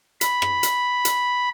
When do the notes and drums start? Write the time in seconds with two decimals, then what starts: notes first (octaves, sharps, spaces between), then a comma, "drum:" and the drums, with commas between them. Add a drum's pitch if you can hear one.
0.21 B5, drum: hi-hat
0.42 drum: rim click
0.63 drum: hi-hat
1.05 drum: hi-hat